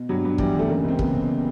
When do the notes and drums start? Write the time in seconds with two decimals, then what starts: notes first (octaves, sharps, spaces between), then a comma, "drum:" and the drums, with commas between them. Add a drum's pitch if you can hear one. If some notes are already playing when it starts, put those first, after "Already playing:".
Already playing: B2
0.09 G2 F#3
0.25 G2
0.38 E3 G3, drum: kick
0.54 E3
0.59 A3
0.69 C#3 A#3
0.84 C#2 C4
0.99 C#3 B3, drum: kick
1.14 C#3